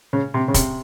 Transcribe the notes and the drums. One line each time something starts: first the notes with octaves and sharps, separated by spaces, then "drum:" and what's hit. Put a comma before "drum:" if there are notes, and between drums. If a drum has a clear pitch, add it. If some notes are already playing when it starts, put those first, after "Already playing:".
C#3
C3
C#3
C3, drum: kick, hi-hat